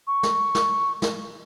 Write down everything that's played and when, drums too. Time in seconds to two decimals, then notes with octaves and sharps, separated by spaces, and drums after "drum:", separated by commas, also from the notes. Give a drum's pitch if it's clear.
0.07 C#6
0.23 drum: snare
0.55 drum: snare
1.02 drum: snare